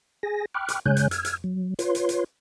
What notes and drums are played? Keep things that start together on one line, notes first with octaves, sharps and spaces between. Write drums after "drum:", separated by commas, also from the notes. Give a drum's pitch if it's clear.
G#4 G#5 A#6
G5 B5 C#6 D6 F6 F#6
drum: hi-hat
C#3 G#3 C#5 G#5 F#6 G6, drum: tom
drum: hi-hat
E6 F6 G#6, drum: hi-hat
drum: hi-hat
F#3
F4 B4 C#5 C6, drum: hi-hat
drum: hi-hat
drum: hi-hat